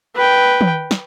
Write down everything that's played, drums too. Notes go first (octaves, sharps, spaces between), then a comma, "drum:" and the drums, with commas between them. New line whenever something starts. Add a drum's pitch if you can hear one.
B4 G5
drum: tom
drum: snare